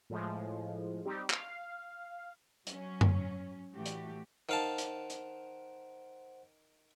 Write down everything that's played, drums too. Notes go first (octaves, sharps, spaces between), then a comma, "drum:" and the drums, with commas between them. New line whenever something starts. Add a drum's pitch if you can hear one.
A2 F3 G#3
G3 C4 D#4 G4
F5, drum: clap
F#3 C#4, drum: hi-hat
drum: tom F#2
A2 E3 A3 F#4 G4
drum: hi-hat
D#3 C5 F5 F#5 A5
drum: hi-hat
drum: hi-hat